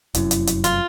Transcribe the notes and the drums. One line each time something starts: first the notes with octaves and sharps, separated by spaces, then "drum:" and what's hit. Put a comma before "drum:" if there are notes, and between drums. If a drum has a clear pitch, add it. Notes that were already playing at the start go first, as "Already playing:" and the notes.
F1 F#2 E4, drum: hi-hat
drum: hi-hat
drum: hi-hat
F4, drum: hi-hat